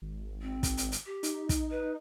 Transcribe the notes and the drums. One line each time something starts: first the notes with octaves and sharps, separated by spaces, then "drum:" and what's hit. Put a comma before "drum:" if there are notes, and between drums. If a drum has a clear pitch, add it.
G#1
C4
drum: kick, hi-hat
drum: hi-hat
drum: hi-hat
G4
D#4, drum: hi-hat
drum: kick, hi-hat
B4